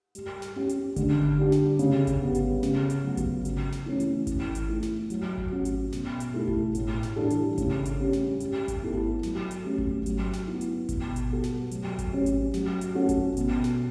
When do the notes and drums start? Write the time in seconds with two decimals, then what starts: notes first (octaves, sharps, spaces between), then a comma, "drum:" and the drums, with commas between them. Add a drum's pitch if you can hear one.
0.15 G3, drum: hi-hat
0.42 drum: snare
0.56 C#4 G4
0.69 drum: hi-hat
0.96 D3, drum: kick G#1, hi-hat
1.38 G3 D4 G4
1.52 drum: snare
1.79 C#3, drum: hi-hat
2.07 drum: kick G#1, hi-hat
2.21 G3 B3
2.35 drum: hi-hat
2.63 C#3, drum: snare
2.90 drum: hi-hat
3.04 F#3 B3 F#4
3.17 drum: kick G#1, hi-hat
3.45 C#3, drum: hi-hat
3.72 drum: snare
3.86 E3 A3 C#4
4.00 drum: hi-hat
4.27 E3, drum: kick G#1, hi-hat
4.55 drum: hi-hat
4.69 A3 E4
4.83 drum: snare
5.10 F#3, drum: hi-hat
5.38 drum: kick G#1
5.51 C#4 F#4
5.65 drum: hi-hat
5.92 B2, drum: snare
6.20 drum: hi-hat
6.34 A3 E4 A4
6.48 drum: kick G#1
6.75 A2, drum: hi-hat
7.03 drum: snare
7.16 E3 G3 D4 A4
7.30 drum: hi-hat
7.58 C#3, drum: kick G#1, hi-hat
7.85 drum: hi-hat
8.00 G3 C#4
8.13 drum: snare
8.40 G3, drum: hi-hat
8.68 drum: kick G#1, hi-hat
8.81 B3 E4 A4
9.23 F#3, drum: snare
9.51 drum: hi-hat
9.65 A3 C#4 G4
9.78 drum: kick G#1
10.06 F#3, drum: hi-hat
10.33 drum: snare
10.47 B3 E4
10.61 drum: hi-hat
10.89 B2, drum: kick G#1, hi-hat
11.16 drum: hi-hat
11.30 G3 B3 F#4 A4
11.44 drum: snare
11.71 F#3, drum: hi-hat
11.99 drum: kick G#1, hi-hat
12.13 C#4 G4
12.26 drum: hi-hat
12.54 F#3, drum: snare
12.81 drum: hi-hat
12.95 C#4 F#4 A4
13.09 drum: kick G#1, hi-hat
13.37 B2, drum: hi-hat
13.64 drum: snare